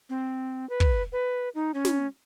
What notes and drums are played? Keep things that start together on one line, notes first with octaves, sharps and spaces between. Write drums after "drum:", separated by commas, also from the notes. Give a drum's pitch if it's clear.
C4
B4
drum: kick
B4
D#4
C#4
drum: snare